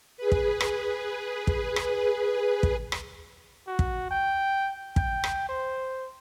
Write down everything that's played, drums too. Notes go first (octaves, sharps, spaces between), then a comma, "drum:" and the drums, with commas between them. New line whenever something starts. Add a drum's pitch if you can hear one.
G#4 B4
drum: kick
drum: rim click
drum: kick
drum: rim click
drum: kick
drum: rim click
F#4
drum: kick
G5
G5, drum: kick
drum: rim click
C5